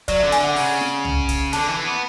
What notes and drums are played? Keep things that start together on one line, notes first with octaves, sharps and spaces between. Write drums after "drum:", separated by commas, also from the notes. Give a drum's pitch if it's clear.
F#3 D5, drum: kick, hi-hat
D3 E5
G#5, drum: hi-hat
D3 F#5
C#3, drum: open hi-hat
drum: snare
drum: tom
drum: kick, hi-hat
D3 A5, drum: hi-hat
E3
B3